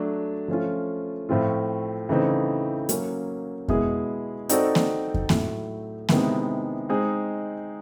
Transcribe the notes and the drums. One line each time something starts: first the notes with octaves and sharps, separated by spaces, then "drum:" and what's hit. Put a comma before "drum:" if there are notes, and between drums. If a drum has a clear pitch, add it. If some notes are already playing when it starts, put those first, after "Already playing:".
Already playing: F#3 A3 D4 F#4
F3 A3 C#4 F4
A2 F3 A3 C4 F4
C#3 E3 A3 C4 D#4
F#3 A#3 C#4, drum: hi-hat
B2 G#3 B3 E4 G#4, drum: kick F2
C4 D#4 F#4 A4 D5, drum: hi-hat
drum: snare A#3
drum: kick F2
A2 F#3 A3, drum: snare A#3
C3 D#3 G#3 B3 E4, drum: snare A#3
G#3 C4 D#4 G#4